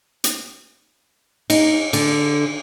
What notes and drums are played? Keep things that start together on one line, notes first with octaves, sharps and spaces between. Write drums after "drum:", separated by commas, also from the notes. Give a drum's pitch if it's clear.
drum: hi-hat
D#4, drum: cymbal
D3, drum: cymbal